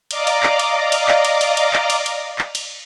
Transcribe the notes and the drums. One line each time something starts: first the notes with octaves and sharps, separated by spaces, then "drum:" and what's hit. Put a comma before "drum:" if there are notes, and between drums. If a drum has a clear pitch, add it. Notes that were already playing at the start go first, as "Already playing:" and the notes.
D5 D#5 F5 A#5 D6, drum: cymbal
drum: cymbal
drum: clap
drum: cymbal
drum: cymbal
drum: clap
drum: cymbal
drum: cymbal
drum: cymbal
drum: clap
drum: cymbal
drum: cymbal
drum: clap
drum: cymbal